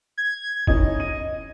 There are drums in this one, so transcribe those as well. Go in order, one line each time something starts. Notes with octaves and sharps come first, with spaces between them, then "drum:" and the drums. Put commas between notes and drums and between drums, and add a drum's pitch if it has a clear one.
G#6
C#4 D#4 E4 D#5, drum: kick F#1
D#7